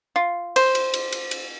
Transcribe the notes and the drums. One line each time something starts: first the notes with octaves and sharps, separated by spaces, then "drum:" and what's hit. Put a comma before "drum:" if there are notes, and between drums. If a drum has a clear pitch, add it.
F4
C5, drum: cymbal
drum: cymbal
drum: cymbal
drum: cymbal
drum: cymbal